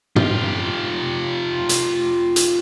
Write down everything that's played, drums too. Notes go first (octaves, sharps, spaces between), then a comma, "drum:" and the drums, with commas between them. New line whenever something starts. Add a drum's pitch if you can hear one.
F4 G4, drum: tom
drum: hi-hat
drum: hi-hat